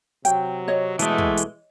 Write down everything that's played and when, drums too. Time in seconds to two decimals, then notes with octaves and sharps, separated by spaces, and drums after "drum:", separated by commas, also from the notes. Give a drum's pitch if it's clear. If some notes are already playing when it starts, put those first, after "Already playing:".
0.25 C3 F#3 G5, drum: hi-hat
0.68 C#5 D#5
0.99 B2 E3 G#3 A3, drum: hi-hat
1.18 drum: kick
1.37 drum: hi-hat